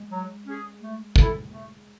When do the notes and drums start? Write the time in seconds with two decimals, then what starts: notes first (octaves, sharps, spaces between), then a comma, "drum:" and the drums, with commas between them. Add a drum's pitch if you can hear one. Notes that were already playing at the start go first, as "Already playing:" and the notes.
Already playing: G#3
0.09 F#3
0.45 C#4 G#4
0.80 A3
1.16 E4 A4, drum: kick
1.51 A3